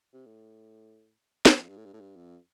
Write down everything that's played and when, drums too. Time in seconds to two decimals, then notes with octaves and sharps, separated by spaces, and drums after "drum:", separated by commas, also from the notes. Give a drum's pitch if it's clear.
0.13 C3
0.26 A2
1.45 F2, drum: snare
1.69 G2
1.77 A2
1.85 G2
1.93 A2
2.00 G2
2.16 F2